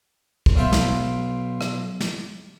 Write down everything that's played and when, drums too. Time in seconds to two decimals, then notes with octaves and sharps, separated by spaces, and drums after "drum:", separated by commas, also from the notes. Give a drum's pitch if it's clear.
0.46 drum: kick
0.55 B1 B2 F4 E5 G5
0.72 drum: snare
1.61 drum: rim click
2.01 drum: snare